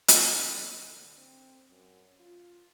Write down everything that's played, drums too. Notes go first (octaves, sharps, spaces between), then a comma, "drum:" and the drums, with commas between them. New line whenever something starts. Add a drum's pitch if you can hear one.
drum: hi-hat
C4
D3
C4
F#2
F4